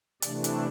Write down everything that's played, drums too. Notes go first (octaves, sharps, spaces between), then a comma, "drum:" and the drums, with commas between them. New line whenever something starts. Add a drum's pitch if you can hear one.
C3 E3 A3 D4 D5, drum: hi-hat
drum: hi-hat